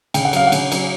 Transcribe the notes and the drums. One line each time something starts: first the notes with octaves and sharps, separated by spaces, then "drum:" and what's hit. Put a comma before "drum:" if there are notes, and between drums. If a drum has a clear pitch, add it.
C#3 G5, drum: cymbal
F#5
F#3 F5, drum: cymbal
F#5
C#3, drum: cymbal
F#3, drum: cymbal